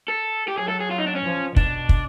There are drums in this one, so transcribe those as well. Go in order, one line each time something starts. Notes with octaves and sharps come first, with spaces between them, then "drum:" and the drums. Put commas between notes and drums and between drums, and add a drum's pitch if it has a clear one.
A4
G4
F#3 G#4
A4
G#4
F4
D#4
D4
C#4
F3
B2 D4, drum: kick
drum: kick